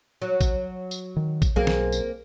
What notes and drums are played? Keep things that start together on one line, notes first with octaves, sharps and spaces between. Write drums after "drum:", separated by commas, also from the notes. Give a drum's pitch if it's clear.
F#3
drum: kick A1, tambourine
drum: tambourine
D#3
drum: kick A1, tambourine
B1 A#3 C4 G#4
drum: snare
drum: tambourine